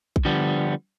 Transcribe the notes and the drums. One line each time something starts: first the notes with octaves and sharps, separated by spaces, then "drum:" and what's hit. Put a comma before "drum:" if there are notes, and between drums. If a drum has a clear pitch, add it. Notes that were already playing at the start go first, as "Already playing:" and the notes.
drum: kick A#1
D3 F3 G3 B3